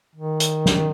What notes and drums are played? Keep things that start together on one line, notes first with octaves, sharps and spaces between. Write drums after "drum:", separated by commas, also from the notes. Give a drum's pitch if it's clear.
D#3
drum: hi-hat
drum: snare